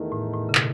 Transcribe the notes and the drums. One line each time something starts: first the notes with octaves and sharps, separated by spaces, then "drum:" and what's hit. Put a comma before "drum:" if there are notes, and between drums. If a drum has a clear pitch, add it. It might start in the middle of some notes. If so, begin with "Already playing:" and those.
Already playing: E2 D#3 A3
A2
A2
C#3
B2, drum: clap